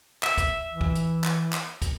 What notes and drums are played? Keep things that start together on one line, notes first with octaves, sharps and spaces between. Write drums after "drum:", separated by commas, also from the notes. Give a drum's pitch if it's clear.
E5, drum: clap
drum: kick, hi-hat
E3
drum: kick
drum: hi-hat
drum: clap
drum: clap
drum: kick, hi-hat